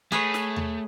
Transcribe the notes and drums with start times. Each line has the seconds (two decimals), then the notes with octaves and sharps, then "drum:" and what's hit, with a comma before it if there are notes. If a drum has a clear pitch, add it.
0.12 A3 G#4 B4 C#5
0.34 drum: snare
0.56 drum: tom D#2